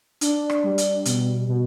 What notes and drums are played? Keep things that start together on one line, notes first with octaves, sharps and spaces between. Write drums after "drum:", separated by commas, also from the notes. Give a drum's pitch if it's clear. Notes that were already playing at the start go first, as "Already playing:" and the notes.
D4, drum: hi-hat
drum: rim click
G3
drum: hi-hat
B2, drum: hi-hat
B2